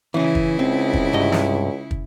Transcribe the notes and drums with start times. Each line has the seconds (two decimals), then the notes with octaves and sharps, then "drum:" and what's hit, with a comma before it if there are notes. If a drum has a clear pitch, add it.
0.14 C#3 E3 C#4 E4
0.35 drum: kick
0.59 C#2 C4
0.93 drum: kick
1.13 C2 G2 D#5
1.32 drum: snare
1.91 drum: kick